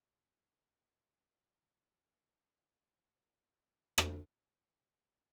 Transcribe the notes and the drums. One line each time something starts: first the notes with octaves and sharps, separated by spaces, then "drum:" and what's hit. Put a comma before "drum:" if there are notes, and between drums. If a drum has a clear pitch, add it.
F#4 B4
E1 B1
G3
B3
F#2 F#5 G#5
drum: rim click